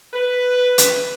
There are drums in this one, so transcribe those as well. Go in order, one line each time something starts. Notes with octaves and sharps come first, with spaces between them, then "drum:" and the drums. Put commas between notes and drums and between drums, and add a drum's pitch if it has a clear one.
B4
drum: hi-hat